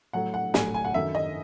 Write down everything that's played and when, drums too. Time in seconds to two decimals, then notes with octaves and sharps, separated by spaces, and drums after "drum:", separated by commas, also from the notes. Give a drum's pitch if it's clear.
0.13 A2 F#3 A3 F#5
0.34 F#5
0.54 A2 F#3 A3 G#5, drum: snare
0.74 G#5
0.85 F#5
0.94 F#2 D#3 A3 E5
1.15 D#5